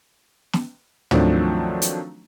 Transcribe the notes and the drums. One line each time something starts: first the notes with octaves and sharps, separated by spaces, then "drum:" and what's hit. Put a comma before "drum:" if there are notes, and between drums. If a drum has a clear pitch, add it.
drum: snare
D#3 F3 F#3 A3 C4 D4, drum: tom
drum: hi-hat